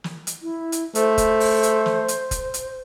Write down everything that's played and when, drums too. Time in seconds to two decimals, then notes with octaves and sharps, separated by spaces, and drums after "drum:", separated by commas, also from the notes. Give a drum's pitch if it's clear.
0.04 drum: snare
0.27 drum: hi-hat
0.42 E4
0.72 drum: hi-hat
0.95 A3 C5, drum: hi-hat
1.18 drum: kick F#1, hi-hat
1.40 drum: open hi-hat
1.63 drum: hi-hat
1.86 drum: snare
2.08 drum: hi-hat
2.31 drum: kick F#1, hi-hat
2.54 drum: hi-hat